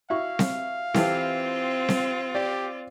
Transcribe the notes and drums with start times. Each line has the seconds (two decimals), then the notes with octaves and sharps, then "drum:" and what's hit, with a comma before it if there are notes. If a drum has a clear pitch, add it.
0.10 E4 F#4 F5 C#6
0.39 drum: snare C4
0.94 E3 C4 F4 G4 A4, drum: snare C4
1.89 drum: snare C4
2.35 G4 D5